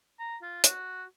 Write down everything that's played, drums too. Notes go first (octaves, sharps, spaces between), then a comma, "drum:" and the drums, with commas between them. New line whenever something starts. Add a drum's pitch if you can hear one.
A#5
F4
F#4, drum: hi-hat